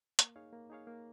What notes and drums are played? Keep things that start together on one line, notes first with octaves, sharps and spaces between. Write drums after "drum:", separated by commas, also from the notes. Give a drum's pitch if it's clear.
A#3, drum: hi-hat
D#4 G#4 C#5 F5
A#3
D#4 G#4 C#5 F5
A#3